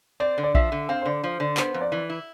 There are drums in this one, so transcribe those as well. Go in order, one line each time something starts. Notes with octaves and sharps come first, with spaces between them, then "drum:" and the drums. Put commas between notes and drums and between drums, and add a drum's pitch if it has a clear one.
C4 D5
D3
D5
F3 E5, drum: kick A#1
D3
C4 F5
C5
D3 D5
F3 C5
D3 D5
B3 C5, drum: clap
F2
D5
E3
E4